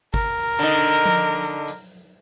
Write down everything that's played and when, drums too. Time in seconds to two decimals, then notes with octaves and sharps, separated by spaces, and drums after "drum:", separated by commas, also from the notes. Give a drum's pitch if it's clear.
0.14 A#4, drum: kick
0.59 D3 D#4, drum: hi-hat
1.06 drum: tom F3
1.44 drum: hi-hat
1.68 drum: hi-hat